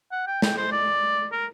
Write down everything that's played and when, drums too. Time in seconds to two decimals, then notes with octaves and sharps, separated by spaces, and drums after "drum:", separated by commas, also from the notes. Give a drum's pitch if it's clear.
0.12 F#5
0.27 G5
0.42 G5, drum: snare
0.57 C5
0.72 D5
1.32 A#4